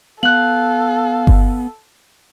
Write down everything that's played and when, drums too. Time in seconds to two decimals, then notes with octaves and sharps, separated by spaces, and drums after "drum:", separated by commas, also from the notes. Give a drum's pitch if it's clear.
0.23 B3 A4 F5 F#6 F#7
1.27 drum: kick G1